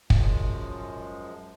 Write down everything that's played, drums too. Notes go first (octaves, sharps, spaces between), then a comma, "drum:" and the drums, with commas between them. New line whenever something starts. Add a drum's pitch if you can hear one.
F#2 F3 G#3, drum: kick